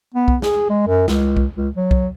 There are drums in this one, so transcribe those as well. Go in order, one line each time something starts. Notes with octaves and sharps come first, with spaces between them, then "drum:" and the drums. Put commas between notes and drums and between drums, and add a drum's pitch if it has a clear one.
B3
drum: kick B1
G#4, drum: snare
G#3
F#2
C#2, drum: snare
drum: kick B1
C#2
F#3
drum: kick B1